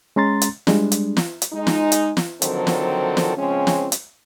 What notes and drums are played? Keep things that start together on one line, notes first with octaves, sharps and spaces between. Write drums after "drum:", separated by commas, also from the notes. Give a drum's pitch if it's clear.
G#3 C#4 A#5 C6 A6
drum: hi-hat
G3 G#3 D4, drum: snare
drum: hi-hat
drum: snare
drum: hi-hat
G#3 D#4
drum: snare
drum: hi-hat
drum: snare
D3 D#3 F3 F#3 C4 A4, drum: hi-hat
drum: snare
drum: snare
C#3 F3 G#3 C4 C#4
drum: snare
drum: hi-hat